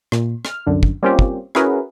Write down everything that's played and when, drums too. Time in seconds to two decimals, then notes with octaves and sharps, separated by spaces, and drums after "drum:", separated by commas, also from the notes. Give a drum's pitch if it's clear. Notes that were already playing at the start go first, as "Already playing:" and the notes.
0.12 A#2, drum: rim click
0.45 F6, drum: rim click
0.66 C2 F#2 D3
0.83 drum: kick
1.03 G3 A#3 C4 C#4 F4 G4
1.19 drum: kick
1.55 C#4 E4 F#4 G#4 A#4 B4, drum: rim click